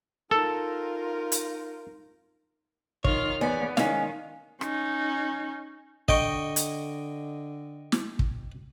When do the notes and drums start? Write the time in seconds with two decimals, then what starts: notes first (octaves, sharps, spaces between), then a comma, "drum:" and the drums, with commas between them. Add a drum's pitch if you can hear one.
0.31 D#4 F4 A4 A#4
1.32 drum: hi-hat
3.05 D#3 F4 C#5 F6, drum: kick
3.41 E2 B3 D5 G#5
3.77 D#3 G#3 C#4 F5, drum: snare
4.61 C#4 D#4, drum: rim click
6.08 D3 D#5 G5 C#6, drum: kick
6.56 drum: hi-hat
7.92 drum: snare
8.19 drum: kick